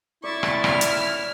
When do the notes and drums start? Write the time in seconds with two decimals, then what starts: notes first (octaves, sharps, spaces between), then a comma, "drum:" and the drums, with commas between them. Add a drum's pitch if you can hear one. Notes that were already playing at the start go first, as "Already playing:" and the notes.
0.24 E4 D5 C#6 A6
0.43 drum: rim click
0.64 F6, drum: rim click
0.81 drum: hi-hat
0.98 D5